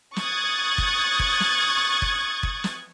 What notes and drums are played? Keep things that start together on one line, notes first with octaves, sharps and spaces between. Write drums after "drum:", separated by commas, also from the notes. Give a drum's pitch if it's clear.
C#6 D#6 F#6 G#6 A6, drum: snare
drum: kick
drum: kick
drum: snare
drum: kick
drum: kick
drum: snare